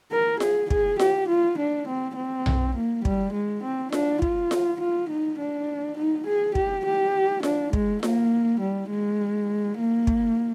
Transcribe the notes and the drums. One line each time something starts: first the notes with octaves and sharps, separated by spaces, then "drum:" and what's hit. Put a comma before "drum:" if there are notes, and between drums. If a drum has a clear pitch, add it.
A#4
G#4, drum: snare F4
G#4, drum: kick
G4, drum: snare F4
F4
D4
C4
C4
drum: tom B1
A#3
G3, drum: kick
G#3
C4
D4, drum: snare F4
F4, drum: kick
drum: snare F4
F4
D#4
D4
D#4
G#4
G4, drum: kick
G4
D4, drum: snare F4
G#3, drum: kick
A#3, drum: snare F4
G3
G#3
A#3
drum: kick